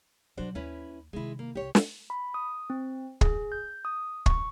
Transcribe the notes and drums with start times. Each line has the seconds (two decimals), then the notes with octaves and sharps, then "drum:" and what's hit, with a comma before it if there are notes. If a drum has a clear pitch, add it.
0.37 B2 F#3 D4 F#4 C5
0.55 D#2 C#4 E4 B4
1.13 C3 D#3 G#3 E4
1.39 A#3
1.55 C2 G4 C#5
1.75 drum: snare
2.10 B5
2.34 D#6
2.70 C4
3.21 G#4, drum: kick
3.52 G6
3.85 D#6
4.26 C#6, drum: kick